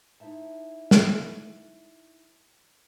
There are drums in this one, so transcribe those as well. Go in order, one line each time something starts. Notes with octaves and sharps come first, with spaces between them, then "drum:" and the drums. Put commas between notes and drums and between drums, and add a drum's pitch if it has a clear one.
D#4 E4 C5 E5 A5
drum: snare